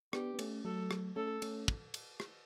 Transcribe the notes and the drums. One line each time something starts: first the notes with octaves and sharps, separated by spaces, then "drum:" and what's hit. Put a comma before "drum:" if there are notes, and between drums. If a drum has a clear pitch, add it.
B3 D4 G4, drum: rim click
B3
A3 C#4, drum: cymbal
F#3 A3 A4
drum: rim click
A3 C#4 A4
A3 C#4, drum: cymbal
drum: kick
drum: cymbal
drum: rim click